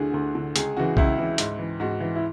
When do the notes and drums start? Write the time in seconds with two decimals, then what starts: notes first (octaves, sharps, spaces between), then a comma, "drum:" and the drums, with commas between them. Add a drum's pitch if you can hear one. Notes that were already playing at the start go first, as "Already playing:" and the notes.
Already playing: D2 D3 F#4 G#4
0.14 D2
0.35 D3
0.56 C#2 G#4, drum: hi-hat
0.77 C#3 E3 F#4
0.97 C#2 E4, drum: kick B1
1.18 C#3 E3
1.38 G#2, drum: hi-hat
1.59 E3
1.80 G#2 F#4
2.00 E3
2.16 E4